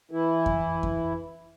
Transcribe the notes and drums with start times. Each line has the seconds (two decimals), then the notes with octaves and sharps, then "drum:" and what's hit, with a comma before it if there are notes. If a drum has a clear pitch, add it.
0.11 E3 E4
0.46 drum: kick F2
0.83 drum: kick F2